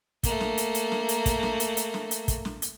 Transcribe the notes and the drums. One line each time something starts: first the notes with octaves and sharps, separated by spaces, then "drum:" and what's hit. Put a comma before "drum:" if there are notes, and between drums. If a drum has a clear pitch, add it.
A3 A#3, drum: kick, hi-hat
drum: snare
drum: hi-hat
drum: hi-hat
drum: snare
drum: hi-hat
drum: kick, hi-hat
drum: snare
drum: hi-hat
drum: hi-hat
drum: snare
drum: hi-hat
drum: kick, hi-hat
drum: snare
drum: hi-hat